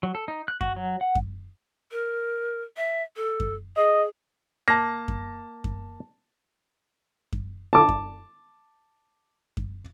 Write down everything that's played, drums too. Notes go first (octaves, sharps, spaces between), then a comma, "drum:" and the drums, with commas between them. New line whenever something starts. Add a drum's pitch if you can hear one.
F#3
A4
D#4
F#6
F#4, drum: kick F#2
F#3
F#5
drum: kick F#2
A#4
E5
A4
drum: kick F#2
G#4 D#5
A#3 A5 A#6
drum: kick F#2
drum: kick F#2
drum: kick F#2
A5 D6
drum: kick F#2
drum: kick F#2